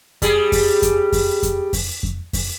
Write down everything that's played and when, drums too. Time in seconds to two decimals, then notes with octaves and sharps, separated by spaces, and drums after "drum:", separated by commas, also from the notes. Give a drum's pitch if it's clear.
0.22 G3 G#4, drum: kick F2, hi-hat
0.52 drum: kick F2, open hi-hat
0.82 drum: kick F2, hi-hat
1.12 drum: kick F2, open hi-hat
1.43 drum: kick F2, hi-hat
1.73 drum: kick F2, open hi-hat
2.03 drum: kick F2
2.33 drum: kick F2, open hi-hat